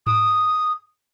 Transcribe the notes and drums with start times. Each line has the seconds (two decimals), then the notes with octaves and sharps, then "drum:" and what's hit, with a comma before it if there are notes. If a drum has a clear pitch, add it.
0.07 D#6, drum: tom G#2